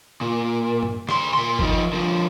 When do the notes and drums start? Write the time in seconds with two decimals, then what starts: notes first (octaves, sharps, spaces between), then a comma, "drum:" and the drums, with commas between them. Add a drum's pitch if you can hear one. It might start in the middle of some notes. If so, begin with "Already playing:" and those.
0.21 A#2
0.83 drum: tom G2
1.09 D2 C6, drum: rim click
1.34 A#2 C6
1.59 F3 D#4, drum: kick
1.93 D3 F3